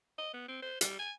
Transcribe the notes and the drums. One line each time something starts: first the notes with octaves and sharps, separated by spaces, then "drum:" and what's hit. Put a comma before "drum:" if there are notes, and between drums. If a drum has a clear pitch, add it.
D#5
B3
C4
C5
G3, drum: hi-hat
G#5